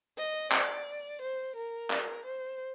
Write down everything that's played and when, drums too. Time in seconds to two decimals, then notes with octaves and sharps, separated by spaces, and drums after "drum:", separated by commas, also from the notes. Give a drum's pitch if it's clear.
0.18 D#5
0.52 D5, drum: clap
1.21 C5
1.55 A#4
1.90 drum: clap
2.25 C5